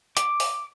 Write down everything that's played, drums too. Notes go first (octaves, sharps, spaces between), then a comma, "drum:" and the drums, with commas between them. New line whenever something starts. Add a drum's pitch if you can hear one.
D6, drum: hi-hat
drum: open hi-hat